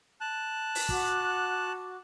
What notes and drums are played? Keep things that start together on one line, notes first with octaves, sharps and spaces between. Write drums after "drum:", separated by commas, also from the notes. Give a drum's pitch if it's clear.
A5 F#6
drum: open hi-hat
F#4 D6, drum: kick